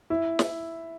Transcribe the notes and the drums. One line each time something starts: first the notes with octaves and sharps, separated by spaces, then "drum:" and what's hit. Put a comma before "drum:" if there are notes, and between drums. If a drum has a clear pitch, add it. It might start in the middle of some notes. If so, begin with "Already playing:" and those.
E4
drum: snare